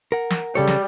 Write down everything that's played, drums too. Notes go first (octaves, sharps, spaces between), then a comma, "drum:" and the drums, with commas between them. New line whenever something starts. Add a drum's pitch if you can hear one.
A#4 F#5
drum: snare
C#3 G3 A4 C#5
drum: snare